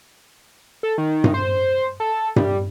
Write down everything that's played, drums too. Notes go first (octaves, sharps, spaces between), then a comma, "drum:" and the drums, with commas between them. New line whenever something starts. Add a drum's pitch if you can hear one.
A4
D#3
drum: tom G2
C5
A4
G3, drum: tom G2